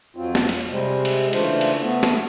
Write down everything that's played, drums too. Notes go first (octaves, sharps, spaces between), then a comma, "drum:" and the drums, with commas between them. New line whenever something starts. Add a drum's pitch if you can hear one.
F2 F#3 C4 F4
drum: snare
drum: cymbal
C3 G3 G#3 C4
drum: cymbal
C#3 E3 A3 D4 F4 C5, drum: cymbal
drum: cymbal
A3 B3
drum: snare